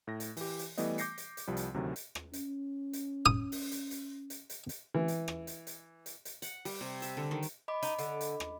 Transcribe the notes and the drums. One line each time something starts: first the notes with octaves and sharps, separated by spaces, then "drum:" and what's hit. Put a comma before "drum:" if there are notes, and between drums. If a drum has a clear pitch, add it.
A2 A#6
drum: hi-hat
E3 G4, drum: open hi-hat
drum: hi-hat
E3 G3 A3 B3 D#5, drum: hi-hat
D6 G6 A#6 C7 C#7, drum: hi-hat
drum: hi-hat
drum: hi-hat
C2 F3 G3
drum: hi-hat
D2 C3 D#3 F#3
drum: hi-hat
drum: rim click
C#4, drum: hi-hat
drum: hi-hat
D#6
drum: open hi-hat
drum: hi-hat
drum: hi-hat
drum: hi-hat
drum: hi-hat
drum: hi-hat
E3
drum: hi-hat
drum: rim click
drum: hi-hat
drum: hi-hat
drum: hi-hat
drum: hi-hat
F#5, drum: hi-hat
G3, drum: open hi-hat
C3
E5, drum: hi-hat
D3
D#3
drum: hi-hat
D#5 B5 D6
D#4, drum: hi-hat
D3, drum: hi-hat
drum: hi-hat
drum: rim click